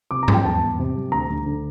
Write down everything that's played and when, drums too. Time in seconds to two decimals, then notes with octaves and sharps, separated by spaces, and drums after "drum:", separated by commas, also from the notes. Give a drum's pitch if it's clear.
0.11 C3 D6
0.23 A#5
0.28 F3, drum: tom G#2
0.34 G5
0.45 E2 A5
0.61 E2
0.79 C3
0.96 G3
1.12 D2 A#5
1.30 D2
1.46 D3